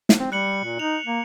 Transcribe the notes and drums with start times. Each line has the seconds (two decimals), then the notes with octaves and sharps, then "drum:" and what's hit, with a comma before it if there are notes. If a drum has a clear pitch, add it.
0.09 drum: snare
0.20 C4
0.32 G3 F#6 C#7 F#7
0.64 A#2
0.79 D#4 F7
1.06 A#3